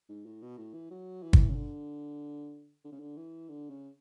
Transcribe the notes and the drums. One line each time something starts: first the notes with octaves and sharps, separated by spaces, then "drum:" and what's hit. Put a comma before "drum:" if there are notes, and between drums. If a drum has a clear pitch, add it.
G#2
A2
B2
A2
E3
F#3
E3
drum: kick
C#3
D3
D3
C#3
D3
E3
D3
C#3